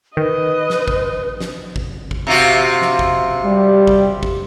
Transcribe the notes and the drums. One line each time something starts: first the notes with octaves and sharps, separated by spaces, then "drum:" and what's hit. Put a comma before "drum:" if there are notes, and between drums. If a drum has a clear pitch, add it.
D#3 B4 D#5
drum: snare
drum: kick
drum: snare
drum: kick
drum: kick
C3 F4 F#4
drum: snare
drum: kick
G3
drum: kick
drum: kick